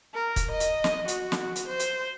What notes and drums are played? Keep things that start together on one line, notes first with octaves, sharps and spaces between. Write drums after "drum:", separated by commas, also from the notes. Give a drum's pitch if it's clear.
A#4
drum: kick, hi-hat
D#5
drum: hi-hat
drum: snare
F#4, drum: hi-hat
drum: snare
drum: hi-hat
C5
drum: hi-hat